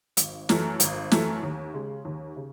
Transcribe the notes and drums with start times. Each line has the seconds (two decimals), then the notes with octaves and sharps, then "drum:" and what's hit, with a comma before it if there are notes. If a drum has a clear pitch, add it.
0.17 G#1, drum: hi-hat
0.49 F#2 E3 A3, drum: snare
0.80 G#1, drum: hi-hat
1.12 F#2 E3 A3, drum: snare
1.43 D#2
1.74 C#3 G#3
2.05 D#2
2.36 C#3